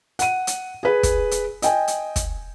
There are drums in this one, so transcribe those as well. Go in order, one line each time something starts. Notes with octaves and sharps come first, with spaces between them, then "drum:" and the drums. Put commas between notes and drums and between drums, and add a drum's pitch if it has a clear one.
F#5 D#7, drum: hi-hat
drum: hi-hat
G#4 B4
drum: kick, hi-hat
drum: hi-hat
D#5 G5 G#5, drum: hi-hat
drum: hi-hat
drum: kick, hi-hat